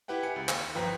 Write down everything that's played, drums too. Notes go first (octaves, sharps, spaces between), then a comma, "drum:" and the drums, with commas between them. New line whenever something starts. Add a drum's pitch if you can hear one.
E4 G4 B4 F#5 G5
G#5 C#7
C#2
D#2, drum: clap
G1 F3 B4 G5 A#5 B6